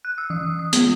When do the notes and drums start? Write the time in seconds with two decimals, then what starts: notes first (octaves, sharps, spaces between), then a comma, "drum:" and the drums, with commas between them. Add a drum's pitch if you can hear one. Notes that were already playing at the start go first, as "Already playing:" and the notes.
0.05 F#6
0.18 E6
0.30 E3 D#6
0.59 D#6
0.73 G#3 B3, drum: hi-hat